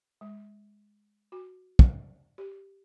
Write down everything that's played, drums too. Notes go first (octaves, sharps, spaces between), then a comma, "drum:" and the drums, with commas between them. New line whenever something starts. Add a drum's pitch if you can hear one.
G#3
F#4
drum: kick
G4